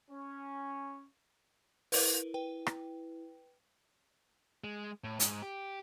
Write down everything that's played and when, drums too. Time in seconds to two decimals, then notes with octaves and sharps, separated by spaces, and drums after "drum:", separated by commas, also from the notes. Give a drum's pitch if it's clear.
0.11 C#4
1.92 E4 A#4 B4, drum: open hi-hat
2.34 B4 G5
2.67 drum: rim click
4.64 G#3
5.04 A2
5.20 G#2, drum: hi-hat
5.42 G4